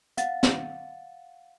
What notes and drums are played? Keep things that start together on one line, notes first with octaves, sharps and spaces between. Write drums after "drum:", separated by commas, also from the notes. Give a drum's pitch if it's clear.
F5 F#5 A6, drum: hi-hat
drum: snare